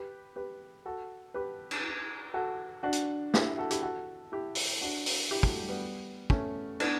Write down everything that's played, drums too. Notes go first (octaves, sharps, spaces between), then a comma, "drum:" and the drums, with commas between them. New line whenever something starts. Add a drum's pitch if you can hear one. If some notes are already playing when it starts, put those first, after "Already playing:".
Already playing: G4 B4
G4 B4
F#4 A4
G4 B4
drum: cymbal
F#4 A4
D4 F#4
drum: hi-hat
E4 G4, drum: snare
F#4 A4
E4 G4, drum: hi-hat
F#4 A4
E4 G4
drum: open hi-hat
D4 F#4
D4 F#4, drum: open hi-hat
E4 G4
F#3 A3, drum: kick
G3
G3 B3
A3 C#4, drum: kick
B3 D4, drum: cymbal